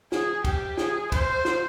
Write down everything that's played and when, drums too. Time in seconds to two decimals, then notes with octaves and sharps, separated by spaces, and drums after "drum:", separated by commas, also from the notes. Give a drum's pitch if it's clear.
0.12 G#4, drum: snare
0.45 G4, drum: kick, cymbal
0.78 G#4, drum: snare
1.12 C5, drum: kick, cymbal
1.45 drum: snare